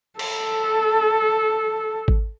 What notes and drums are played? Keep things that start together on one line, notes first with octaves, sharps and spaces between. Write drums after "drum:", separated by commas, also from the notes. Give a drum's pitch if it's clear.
A4, drum: cymbal
drum: kick G#1